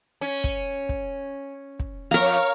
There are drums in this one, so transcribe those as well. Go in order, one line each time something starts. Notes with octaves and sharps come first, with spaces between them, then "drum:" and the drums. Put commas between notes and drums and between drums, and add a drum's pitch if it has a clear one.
C#4
drum: kick
drum: kick
drum: kick
F2 A#4 C#5 F5 A#5